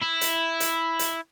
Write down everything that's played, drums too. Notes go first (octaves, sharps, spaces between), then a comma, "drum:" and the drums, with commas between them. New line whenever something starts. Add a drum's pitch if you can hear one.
E4
drum: hi-hat
drum: hi-hat
drum: hi-hat